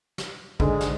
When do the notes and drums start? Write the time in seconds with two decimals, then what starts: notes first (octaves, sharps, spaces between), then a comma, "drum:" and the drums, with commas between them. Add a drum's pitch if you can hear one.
0.18 drum: snare
0.60 G#2 D3 G#3, drum: kick A1
0.81 drum: snare